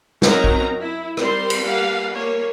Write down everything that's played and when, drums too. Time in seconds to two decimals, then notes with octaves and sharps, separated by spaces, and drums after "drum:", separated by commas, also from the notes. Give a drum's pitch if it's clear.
0.22 F#3 C4 C#4 D#4 A#4 A#5, drum: snare
0.44 drum: kick
0.80 E4
1.17 G3 C4 A#4 C5 C6, drum: rim click
1.50 drum: cymbal
1.62 G3 A#3 F5 F#5
2.14 A#3 C#5